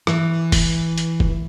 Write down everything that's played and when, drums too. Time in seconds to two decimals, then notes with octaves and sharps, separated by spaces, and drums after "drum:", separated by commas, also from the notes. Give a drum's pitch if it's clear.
0.07 E3, drum: rim click
0.52 drum: kick, open hi-hat
0.98 drum: hi-hat
1.20 drum: kick